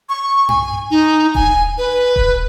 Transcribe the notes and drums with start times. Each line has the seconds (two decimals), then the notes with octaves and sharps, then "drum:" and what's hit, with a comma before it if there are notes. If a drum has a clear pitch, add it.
0.09 C#6
0.49 G#5, drum: tom G2
0.91 D#4
1.35 G#5, drum: kick D#1
1.78 B4
2.16 drum: kick D#1